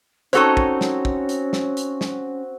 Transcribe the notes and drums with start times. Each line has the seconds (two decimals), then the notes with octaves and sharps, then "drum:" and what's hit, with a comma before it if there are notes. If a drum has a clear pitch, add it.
0.33 C4 C#4 D#4 F#4 A4 C5 C#5 C#6, drum: hi-hat
0.57 drum: kick
0.81 drum: snare
1.05 drum: kick
1.29 drum: hi-hat
1.53 drum: snare
1.77 drum: hi-hat
2.01 drum: snare